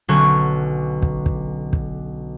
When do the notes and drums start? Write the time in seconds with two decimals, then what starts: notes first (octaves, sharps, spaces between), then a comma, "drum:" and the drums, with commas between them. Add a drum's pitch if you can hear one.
0.08 B1 D3 C#4 C#6
1.02 drum: kick
1.26 drum: kick
1.73 drum: kick